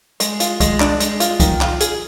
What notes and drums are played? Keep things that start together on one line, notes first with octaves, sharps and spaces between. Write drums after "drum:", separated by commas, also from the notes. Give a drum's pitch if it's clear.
G#3, drum: hi-hat
F4, drum: hi-hat
G#3, drum: kick C2, hi-hat
D4, drum: clap
G#3, drum: hi-hat
F4, drum: hi-hat
D#3, drum: kick C2, hi-hat
F4, drum: clap
G#4, drum: hi-hat